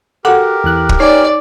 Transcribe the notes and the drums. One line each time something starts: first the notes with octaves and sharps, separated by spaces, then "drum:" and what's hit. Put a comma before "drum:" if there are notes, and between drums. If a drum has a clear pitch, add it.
F#4 G4 A4 A#4 F#5 D6
E2 E3 F#6
drum: kick
D#4 C#5 D5 G#5 D6